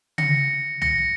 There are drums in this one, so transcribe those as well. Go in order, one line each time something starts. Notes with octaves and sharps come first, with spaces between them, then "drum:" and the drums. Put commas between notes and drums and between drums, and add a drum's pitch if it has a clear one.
A#6 C#7, drum: tom C#3
A#6 C#7, drum: tom